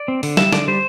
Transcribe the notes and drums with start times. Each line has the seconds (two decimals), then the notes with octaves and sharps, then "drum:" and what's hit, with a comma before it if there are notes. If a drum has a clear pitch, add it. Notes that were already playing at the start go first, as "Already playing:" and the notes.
Already playing: D5
0.08 C4
0.23 D3, drum: open hi-hat
0.37 G3 E5, drum: snare
0.53 D3 D5, drum: snare
0.68 G3 C5